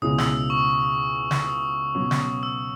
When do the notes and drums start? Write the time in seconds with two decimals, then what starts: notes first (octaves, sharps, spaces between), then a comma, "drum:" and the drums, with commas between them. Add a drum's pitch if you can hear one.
0.02 C#2 B2 G#3 C#4 E4 D#6
0.18 E6, drum: snare
0.50 C#6
1.31 drum: snare
1.46 D#6
1.95 B2 F#3 C#4
2.11 drum: snare
2.43 E6